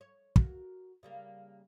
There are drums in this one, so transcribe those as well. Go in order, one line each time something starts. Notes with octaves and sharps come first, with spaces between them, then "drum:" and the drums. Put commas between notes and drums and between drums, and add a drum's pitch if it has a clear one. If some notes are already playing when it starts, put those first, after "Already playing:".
C#5
F#4 A#4, drum: kick
C#3 G3 A#3